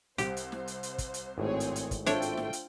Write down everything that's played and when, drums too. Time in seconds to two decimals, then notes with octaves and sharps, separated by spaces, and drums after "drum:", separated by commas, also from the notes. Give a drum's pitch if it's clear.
0.18 C2 G4 C5, drum: hi-hat
0.37 drum: hi-hat
0.52 drum: snare
0.67 drum: hi-hat
0.83 drum: hi-hat
0.98 drum: kick, hi-hat
1.14 drum: hi-hat
1.38 G#1 A2 C4 G#4 C#5
1.60 drum: hi-hat
1.76 drum: hi-hat
1.91 drum: kick, hi-hat
2.06 A3 D4 F4 C5 C#5 G5, drum: hi-hat
2.22 drum: hi-hat
2.37 drum: snare
2.53 drum: hi-hat